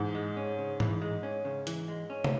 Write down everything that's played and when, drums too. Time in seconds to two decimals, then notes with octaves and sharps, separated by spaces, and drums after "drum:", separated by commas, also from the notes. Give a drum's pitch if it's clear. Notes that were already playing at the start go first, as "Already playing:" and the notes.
Already playing: G#2 E3
0.15 G#3
0.37 C#4
0.59 C#3
0.80 E3, drum: tom G#2
1.02 G#3
1.23 C#4
1.45 C#3
1.67 E3, drum: hi-hat
1.88 G#3
2.10 C#4
2.24 drum: tom